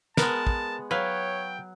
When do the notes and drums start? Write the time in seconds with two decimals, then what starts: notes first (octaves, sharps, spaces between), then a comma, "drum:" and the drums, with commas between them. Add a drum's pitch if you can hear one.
0.17 G#3 B3 A#4 A5, drum: snare
0.47 drum: kick
0.91 F#3 B4 C#5 F5 G5